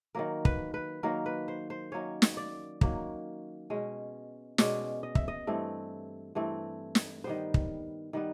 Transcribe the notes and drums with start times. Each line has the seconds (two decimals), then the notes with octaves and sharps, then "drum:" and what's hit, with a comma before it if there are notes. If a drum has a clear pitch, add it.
0.15 D#3 F#3 A#3 A#4
0.45 B4, drum: kick
0.74 B4
1.03 D#3 F#3 A#3 A#4
1.26 B4
1.48 C5
1.70 C5
1.92 D#3 F#3 A#3 C#4 C#5
2.22 drum: snare
2.37 D5
2.81 D#3 F#3 A#3 C#4, drum: kick
3.70 B2 G#3 C#4
4.58 B2 G#3 C#4 D5, drum: snare
5.03 D#5
5.15 E5, drum: kick
5.28 D#5
5.47 G2 E3 A3 C4
6.35 G2 E3 A3 C4
6.95 drum: snare
7.24 D#3 G3 B3 C5
7.54 drum: kick
8.13 D#3 G3 B3